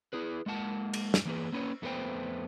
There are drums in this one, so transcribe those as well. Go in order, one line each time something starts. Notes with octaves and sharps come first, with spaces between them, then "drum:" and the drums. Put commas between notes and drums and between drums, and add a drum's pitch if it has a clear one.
E4 G#4 B4
G#3 A#3 F#5 A5
drum: cymbal
drum: snare
E3 A#3 G#4 B4
A#3 C#4 B4 C#5
F2 A3 B3 B4 C5 G5